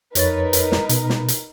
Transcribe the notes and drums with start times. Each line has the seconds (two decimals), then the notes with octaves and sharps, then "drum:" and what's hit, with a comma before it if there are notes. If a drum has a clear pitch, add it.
0.15 F2 D#4 A#4 B4 C#5 A6, drum: hi-hat
0.53 drum: hi-hat
0.72 drum: snare
0.89 B2, drum: hi-hat
1.10 drum: snare
1.28 drum: hi-hat